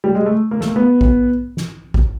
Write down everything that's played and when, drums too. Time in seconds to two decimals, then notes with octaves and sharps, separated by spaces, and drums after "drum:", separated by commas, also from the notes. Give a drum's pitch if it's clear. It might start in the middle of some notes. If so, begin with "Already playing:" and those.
0.04 G3
0.15 G#3
0.26 A3
0.51 A#3
0.61 A3, drum: snare
0.68 A#3
0.76 B3
1.01 drum: kick A1
1.57 drum: snare
1.94 drum: kick A1